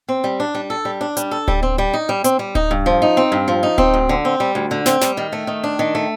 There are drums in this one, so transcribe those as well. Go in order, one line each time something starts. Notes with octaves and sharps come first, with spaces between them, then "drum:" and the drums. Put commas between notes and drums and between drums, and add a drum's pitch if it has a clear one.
C4
G3
D4
G3
A4
G3
D4
G3, drum: hi-hat
A4
G3, drum: kick D1
C4
G3
D#4
G3
C4, drum: hi-hat
G3
D#4, drum: kick D1
G2
F3
D#4
C4
G2
F3
D#4
C4, drum: kick D1
D2
D3
C4
G3
D2
D3
C4, drum: snare
G3, drum: snare
D#3
A3
D#3
D4
D#3
A3